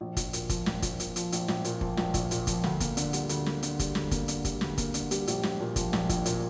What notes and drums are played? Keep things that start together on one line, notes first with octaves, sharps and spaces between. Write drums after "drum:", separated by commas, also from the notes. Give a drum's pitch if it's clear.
A#1
A#1, drum: kick, hi-hat
A#2, drum: hi-hat
F3, drum: kick, hi-hat
A#1, drum: snare
A#1, drum: kick, hi-hat
A#2, drum: hi-hat
F3, drum: hi-hat
A#1, drum: hi-hat
A#1, drum: snare
A#2, drum: hi-hat
F3, drum: kick
A#1, drum: snare
A#1, drum: kick, hi-hat
A#2, drum: hi-hat
F3, drum: kick, hi-hat
D2, drum: snare
A#3, drum: kick, hi-hat
D3, drum: hi-hat
G3, drum: hi-hat
D2, drum: hi-hat
A#3, drum: snare
D3, drum: hi-hat
G3, drum: kick, hi-hat
D2, drum: snare
A#3, drum: kick, hi-hat
D3, drum: hi-hat
G3, drum: kick, hi-hat
D2, drum: snare
A#3, drum: kick, hi-hat
D3, drum: hi-hat
G3, drum: hi-hat
A#1, drum: hi-hat
A#1, drum: snare
A#2
F3, drum: kick, hi-hat
A#1, drum: snare
A#1, drum: kick, hi-hat
A#2, drum: hi-hat